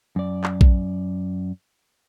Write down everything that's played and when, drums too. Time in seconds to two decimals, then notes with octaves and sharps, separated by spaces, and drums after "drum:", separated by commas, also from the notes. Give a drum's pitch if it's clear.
0.16 F#2 D5
0.44 drum: clap
0.61 drum: kick A#1